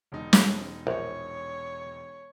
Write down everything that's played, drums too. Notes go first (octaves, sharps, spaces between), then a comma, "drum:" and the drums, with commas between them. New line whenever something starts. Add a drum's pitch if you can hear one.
E1 D#4
drum: snare
A#1 C#5